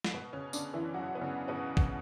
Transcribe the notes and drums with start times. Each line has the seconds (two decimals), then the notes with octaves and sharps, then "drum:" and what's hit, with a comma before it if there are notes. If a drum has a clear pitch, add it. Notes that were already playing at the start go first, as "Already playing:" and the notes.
0.05 drum: snare
0.14 B2 B3
0.33 C#3 C#4
0.53 D3 D4, drum: tambourine
0.74 E3 E4
0.94 F#3 F#4
1.15 B3
1.21 C#3 C#4
1.48 B2 B3
1.77 drum: kick